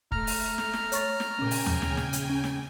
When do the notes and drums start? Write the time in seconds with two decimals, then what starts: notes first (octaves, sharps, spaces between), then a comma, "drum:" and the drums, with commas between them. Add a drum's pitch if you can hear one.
0.12 A3 A#5 F6, drum: kick
0.27 drum: open hi-hat
0.58 drum: snare
0.74 drum: snare
0.92 C#5 C#6 A6, drum: hi-hat
1.20 drum: snare
1.39 A#2 C#3 C#4 G5 G#5
1.51 drum: open hi-hat
1.66 drum: tom D#2
1.82 drum: snare
1.97 drum: snare
2.13 drum: hi-hat
2.30 C#4
2.44 drum: snare